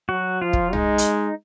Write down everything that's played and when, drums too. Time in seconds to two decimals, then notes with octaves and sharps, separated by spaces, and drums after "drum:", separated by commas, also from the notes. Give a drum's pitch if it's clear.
0.09 F#3 F#4
0.41 F3 F4
0.53 drum: kick
0.73 G#3 D#4, drum: tom B1
0.98 drum: hi-hat